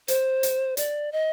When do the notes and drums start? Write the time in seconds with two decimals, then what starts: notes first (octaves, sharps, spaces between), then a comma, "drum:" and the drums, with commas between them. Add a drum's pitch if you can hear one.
0.08 C5, drum: hi-hat
0.43 drum: hi-hat
0.77 D5, drum: hi-hat
1.12 D#5